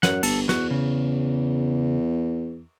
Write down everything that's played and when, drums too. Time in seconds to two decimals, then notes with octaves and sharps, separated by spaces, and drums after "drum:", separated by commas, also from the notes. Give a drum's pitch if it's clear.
0.03 F#2 F#5, drum: snare
0.23 G1 A4, drum: cymbal
0.49 E2 F#4, drum: snare
0.71 C#3